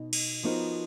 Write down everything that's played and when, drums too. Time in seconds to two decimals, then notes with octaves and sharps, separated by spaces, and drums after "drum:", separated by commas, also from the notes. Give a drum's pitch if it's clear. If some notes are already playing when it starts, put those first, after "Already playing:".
Already playing: B2 D#4 F#4
0.13 drum: cymbal
0.43 F3 B3 D#4 F#4 A#4